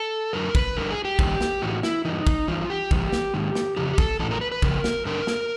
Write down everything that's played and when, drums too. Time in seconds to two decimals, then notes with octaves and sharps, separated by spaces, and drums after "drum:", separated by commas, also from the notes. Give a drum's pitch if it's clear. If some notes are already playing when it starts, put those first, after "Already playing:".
Already playing: A4
0.33 F#2 D3 A#4
0.55 B4, drum: kick
0.76 G2 D3 A#4
0.91 G#4
1.05 G4
1.19 G2 D#3, drum: kick
1.41 drum: snare
1.62 A2 E3 F#4
1.83 E4, drum: snare
2.05 G2 E3 D#4
2.27 drum: kick
2.48 G2 E3 F4
2.70 G4
2.91 G2 E3, drum: kick
3.12 drum: snare
3.34 G#2 D#3
3.55 drum: snare
3.77 F2 C#3 G4
3.98 A4, drum: kick
4.19 A2 E3 A4
4.31 A#4
4.41 B4
4.52 B4
4.62 F2 C#3 A#4, drum: kick
4.84 drum: snare
5.05 G2 D3 A#4
5.27 drum: snare